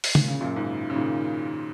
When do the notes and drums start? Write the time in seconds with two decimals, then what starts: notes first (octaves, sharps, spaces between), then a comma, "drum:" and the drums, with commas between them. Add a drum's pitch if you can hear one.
0.04 drum: open hi-hat
0.15 A#2, drum: tom C#3
0.28 C#3
0.41 F#2 A#2
0.56 G#2 C#3
0.90 C#3
0.96 A#2 D#3